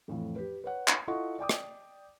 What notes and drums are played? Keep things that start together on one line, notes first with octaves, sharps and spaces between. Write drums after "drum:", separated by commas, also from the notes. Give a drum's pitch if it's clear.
F2 A2 E3 F3
G4 B4
B4 C#5 F#5
drum: clap
E4 F4 A4 D#5 F#5 C#6
D5 G5 D6 D#6
drum: rim click